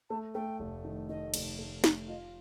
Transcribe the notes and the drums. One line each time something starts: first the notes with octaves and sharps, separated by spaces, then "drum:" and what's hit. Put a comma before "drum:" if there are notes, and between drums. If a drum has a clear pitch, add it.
A3 A5
A3 G5
F1
D#3
D#3 D#5
F1, drum: cymbal
A3
A3, drum: snare
F4 D#5